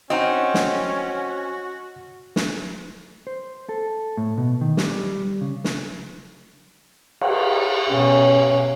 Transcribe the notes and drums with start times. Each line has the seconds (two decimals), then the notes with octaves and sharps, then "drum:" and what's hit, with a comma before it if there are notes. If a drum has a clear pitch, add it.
0.10 C4 C#4 D#4 F#4 D#5 F#5
0.54 drum: snare
2.36 drum: snare
3.27 C5
3.69 A4
4.17 A2
4.38 B2
4.61 D#3
4.77 G3, drum: snare
5.41 C#3
5.64 drum: snare
7.21 drum: cymbal
7.88 B2 C#4